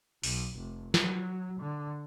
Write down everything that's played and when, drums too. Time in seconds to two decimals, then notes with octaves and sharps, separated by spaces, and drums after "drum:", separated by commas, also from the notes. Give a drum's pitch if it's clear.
0.23 B1, drum: open hi-hat
0.57 F1
0.94 F#3, drum: snare
1.60 D3